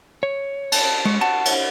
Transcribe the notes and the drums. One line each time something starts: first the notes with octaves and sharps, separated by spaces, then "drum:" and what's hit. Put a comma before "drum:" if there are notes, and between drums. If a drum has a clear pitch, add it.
C#5
A5, drum: cymbal
G#3 C#5
F#4 A5
drum: cymbal